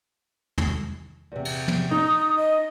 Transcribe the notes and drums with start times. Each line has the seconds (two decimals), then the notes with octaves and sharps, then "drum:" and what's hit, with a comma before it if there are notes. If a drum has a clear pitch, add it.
0.58 drum: tom
1.32 E2 C3
1.45 drum: cymbal
1.68 drum: tom
1.91 D#4 D#6
2.37 D#5